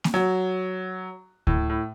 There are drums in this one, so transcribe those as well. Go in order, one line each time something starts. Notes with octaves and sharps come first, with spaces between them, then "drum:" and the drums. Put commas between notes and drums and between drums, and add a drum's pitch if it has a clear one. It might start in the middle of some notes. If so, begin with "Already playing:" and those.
drum: snare A#3
F#3
A2, drum: kick D2
A2